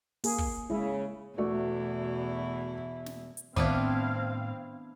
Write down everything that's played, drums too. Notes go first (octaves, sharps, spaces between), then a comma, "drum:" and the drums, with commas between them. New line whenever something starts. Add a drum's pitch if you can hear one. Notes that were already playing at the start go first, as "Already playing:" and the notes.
A#3 G#4, drum: open hi-hat
drum: kick
C#3 G#3 E4
E2 B2 A3 E4 F#4 D5
drum: snare
drum: hi-hat
A2 D#3 B3 C4 D4 E4 F5, drum: kick